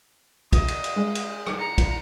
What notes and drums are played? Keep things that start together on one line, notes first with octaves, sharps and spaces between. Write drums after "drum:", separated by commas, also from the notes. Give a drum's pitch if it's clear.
D#5, drum: kick, cymbal
drum: cymbal
drum: cymbal
G#3
drum: cymbal
drum: rim click
A#5 C#7
drum: kick, cymbal